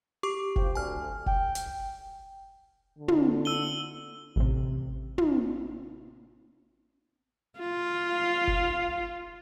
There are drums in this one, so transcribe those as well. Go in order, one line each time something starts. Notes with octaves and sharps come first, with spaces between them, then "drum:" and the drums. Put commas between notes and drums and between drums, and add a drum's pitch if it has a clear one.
G4 C#6 D6
C4 F4 G5, drum: kick F1
D2 G#5 F6
G5, drum: kick F1
drum: hi-hat
D3
drum: tom
E6 D#7 G7
A1 C3
drum: tom
F4
F5
drum: kick F1